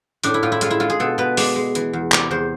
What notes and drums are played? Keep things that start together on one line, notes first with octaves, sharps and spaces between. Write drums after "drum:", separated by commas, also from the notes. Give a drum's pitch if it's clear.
A2 D4, drum: hi-hat
E4
A2 F4
E4
G#3 F4, drum: hi-hat
E4
G#3 F4
G#4
B2 A4
B2 B4
G#3 D5, drum: open hi-hat
G#3
E3, drum: hi-hat
E2
C3 D5, drum: clap
E2 C5